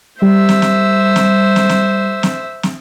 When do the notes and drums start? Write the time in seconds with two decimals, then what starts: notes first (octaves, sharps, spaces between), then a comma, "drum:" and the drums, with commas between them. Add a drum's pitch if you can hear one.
0.22 G3 C5 E5
0.49 drum: snare
0.62 drum: snare
1.16 drum: snare
1.56 drum: snare
1.69 drum: snare
2.23 drum: snare
2.63 drum: snare